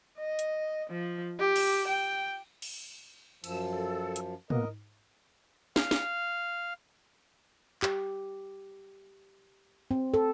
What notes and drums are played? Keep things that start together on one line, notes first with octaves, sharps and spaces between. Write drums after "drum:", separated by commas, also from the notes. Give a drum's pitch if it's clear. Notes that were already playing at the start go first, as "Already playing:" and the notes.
D#5
drum: hi-hat
F3
G4
drum: cymbal
G5
drum: cymbal
F#2 F3 E6, drum: cymbal
A4
drum: hi-hat
A#3 B3 A#4 D#5, drum: tom
F5, drum: snare
drum: snare
G4, drum: clap
C4
A4